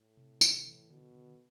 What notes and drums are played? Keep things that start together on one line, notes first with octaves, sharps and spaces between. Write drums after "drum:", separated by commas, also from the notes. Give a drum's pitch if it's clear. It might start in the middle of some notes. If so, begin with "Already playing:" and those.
Already playing: A2
C3
E3, drum: tambourine
E3
B2 D3
D3